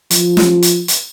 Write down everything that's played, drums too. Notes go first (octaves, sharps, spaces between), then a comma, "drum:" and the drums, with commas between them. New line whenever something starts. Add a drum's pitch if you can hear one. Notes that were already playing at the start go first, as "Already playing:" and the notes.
F3, drum: hi-hat
drum: snare
drum: hi-hat
drum: hi-hat